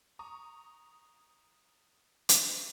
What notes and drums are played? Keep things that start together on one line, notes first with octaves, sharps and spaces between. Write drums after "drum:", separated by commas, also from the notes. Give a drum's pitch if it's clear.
A#5 C#6 D#6
drum: hi-hat